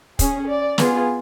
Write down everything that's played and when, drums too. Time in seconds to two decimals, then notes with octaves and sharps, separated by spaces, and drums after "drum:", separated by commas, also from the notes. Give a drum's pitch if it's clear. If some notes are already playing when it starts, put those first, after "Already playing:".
0.19 C#4 G#4, drum: kick, hi-hat
0.48 D5
0.78 B3 F4 G#4, drum: snare